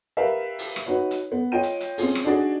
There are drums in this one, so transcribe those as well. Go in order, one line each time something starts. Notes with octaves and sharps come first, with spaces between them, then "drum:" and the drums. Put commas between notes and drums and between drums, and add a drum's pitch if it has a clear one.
G4 A#4 B4 E5 F5
drum: open hi-hat
drum: rim click
D#4 F#4 B4 C#5
drum: hi-hat
B3
F4 C#5 D#5 G5 D#7
drum: hi-hat
drum: hi-hat
C4 C#4 F4 G#4, drum: open hi-hat
drum: rim click
D4 D#4 F#4 G#4 D5 D#5